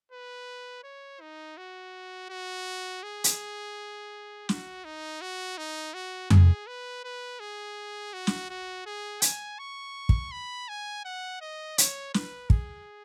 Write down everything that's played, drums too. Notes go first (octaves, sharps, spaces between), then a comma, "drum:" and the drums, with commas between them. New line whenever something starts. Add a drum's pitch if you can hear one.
B4
C#5
D#4
F#4
F#4
G#4
drum: hi-hat
F#4, drum: snare
D#4
F#4
D#4
F#4
G#4, drum: tom F2
B4
B4
G#4
F#4
drum: snare
F#4
G#4
G#5, drum: hi-hat
C#6
drum: kick
B5
G#5
F#5
D#5
C#5, drum: hi-hat
B4, drum: snare
G#4, drum: kick